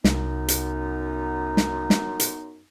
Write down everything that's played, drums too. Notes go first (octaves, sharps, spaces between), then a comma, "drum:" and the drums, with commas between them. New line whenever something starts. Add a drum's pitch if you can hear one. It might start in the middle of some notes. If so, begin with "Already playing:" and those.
C2 F#2 B3 D#4, drum: snare
drum: hi-hat
drum: snare
drum: snare
drum: hi-hat